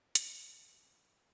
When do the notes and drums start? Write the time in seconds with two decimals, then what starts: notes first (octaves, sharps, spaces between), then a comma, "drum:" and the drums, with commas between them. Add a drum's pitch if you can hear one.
0.15 A#2, drum: hi-hat